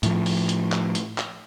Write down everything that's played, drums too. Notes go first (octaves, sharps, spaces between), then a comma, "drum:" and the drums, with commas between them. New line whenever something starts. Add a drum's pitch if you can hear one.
A2 F3, drum: hi-hat
drum: open hi-hat
drum: hi-hat
drum: clap
drum: hi-hat
drum: clap